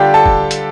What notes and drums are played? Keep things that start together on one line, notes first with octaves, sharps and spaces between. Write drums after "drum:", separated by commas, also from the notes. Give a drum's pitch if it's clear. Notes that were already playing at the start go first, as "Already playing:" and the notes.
Already playing: D3 G3 D4 F4 G4 G5
A4 A5
drum: kick
drum: hi-hat